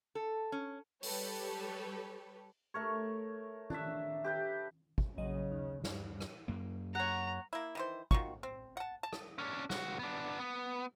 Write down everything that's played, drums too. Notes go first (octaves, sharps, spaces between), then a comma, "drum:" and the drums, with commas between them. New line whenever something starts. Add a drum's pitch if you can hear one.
A4
C#4
G3 G4 A4 B4 C#5, drum: open hi-hat
A3 A#4 C#5
D4 E5, drum: tom D#3
G4 B4 G5
drum: kick
A#1 C#3 F#3 D#5
D#2
G2, drum: snare
drum: rim click
F#2 A#3
C#5 F#5 A#5
A#3 E4
D#3 E3 C5
D#3 F4 F#4 C#6, drum: kick
C4
F#5 A5
A5
drum: rim click
C#4 D4
C#2 F#4, drum: snare
B3 D4
B3